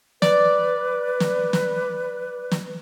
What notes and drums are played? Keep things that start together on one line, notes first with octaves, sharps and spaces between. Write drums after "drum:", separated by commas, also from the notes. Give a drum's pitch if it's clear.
B4 D5, drum: snare
drum: snare
drum: snare
drum: snare